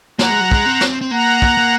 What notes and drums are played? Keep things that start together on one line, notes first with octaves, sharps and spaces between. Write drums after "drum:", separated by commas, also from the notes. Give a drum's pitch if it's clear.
A#3 F#5 A#5, drum: snare
G#3
F#3
G#3, drum: kick
C4
drum: snare
C4
A#3 F#5 A#5
drum: kick
A#3